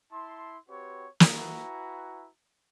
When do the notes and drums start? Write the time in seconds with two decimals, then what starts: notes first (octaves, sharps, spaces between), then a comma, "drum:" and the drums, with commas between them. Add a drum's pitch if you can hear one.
0.11 E4 A5 C6
0.68 C4 F#4 G4 B4 C#5
1.20 drum: snare
1.30 E4 F#4 B4 G#5 A#5